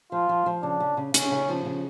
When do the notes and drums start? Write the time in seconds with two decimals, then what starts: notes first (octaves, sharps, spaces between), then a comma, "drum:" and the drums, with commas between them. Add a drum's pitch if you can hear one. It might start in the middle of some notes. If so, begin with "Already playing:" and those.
0.12 F3 F4
0.29 F3
0.46 F3
0.63 C#3 D4
0.80 C#3
0.97 C#3
1.14 C#3 C#4, drum: hi-hat
1.31 C#3
1.49 F3
1.65 C#3